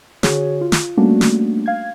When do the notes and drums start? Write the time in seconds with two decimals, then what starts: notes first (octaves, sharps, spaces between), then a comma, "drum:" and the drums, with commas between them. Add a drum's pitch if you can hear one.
0.23 D3 F#4 G#4 C#5, drum: snare
0.61 F4
0.72 drum: snare
0.97 G3 A3 A#3 C#4 D4 F#4
1.21 drum: snare
1.66 F5 G#6